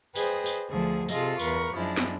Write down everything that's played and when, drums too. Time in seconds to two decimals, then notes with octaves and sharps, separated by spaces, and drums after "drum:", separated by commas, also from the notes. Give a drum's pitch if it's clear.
0.15 G#4 B4 C5 D#5 G5, drum: tambourine
0.46 drum: tambourine
0.69 D2 D3 F3 G#4
1.08 C3 F4 G#4 A4 D#5, drum: tambourine
1.39 E2 A#4 B4 C#6, drum: tambourine
1.75 F#2 F3 G#3 D4 E4
1.97 drum: snare